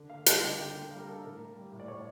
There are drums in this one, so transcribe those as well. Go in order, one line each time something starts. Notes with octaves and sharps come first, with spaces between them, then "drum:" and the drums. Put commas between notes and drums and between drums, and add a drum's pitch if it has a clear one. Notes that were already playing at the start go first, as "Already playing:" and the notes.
Already playing: D3
A#3 F5
G3 A5, drum: hi-hat
D3
D3 G5
A#3 G5
G3 F5
A#4
D3 A4
A#4
A2
A#3
G3
A2
D5
A2 C#5